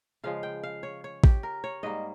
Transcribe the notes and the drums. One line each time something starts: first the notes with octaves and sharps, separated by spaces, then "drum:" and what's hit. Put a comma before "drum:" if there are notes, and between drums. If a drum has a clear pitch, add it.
C#3 F3 G#3 F5
G5
F5
C#5
C#5
G4, drum: kick A1
A#4
C#5
G#2 G3 A#3 D#5